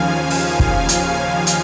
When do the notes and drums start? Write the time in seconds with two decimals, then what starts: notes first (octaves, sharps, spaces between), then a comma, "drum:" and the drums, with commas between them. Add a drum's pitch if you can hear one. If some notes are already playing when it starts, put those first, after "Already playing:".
Already playing: D#2 C#3 F3 F5 G#5
0.31 drum: open hi-hat
0.60 drum: kick
0.89 drum: hi-hat
1.47 drum: hi-hat